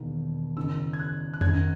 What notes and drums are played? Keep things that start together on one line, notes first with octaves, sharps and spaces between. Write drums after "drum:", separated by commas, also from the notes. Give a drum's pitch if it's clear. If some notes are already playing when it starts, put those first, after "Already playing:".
Already playing: E1 D#2 D#3
F#1 F#2 D#3 E6
G#6
F#6
F#6
G#1 F#2 D#3 G#6, drum: tom F2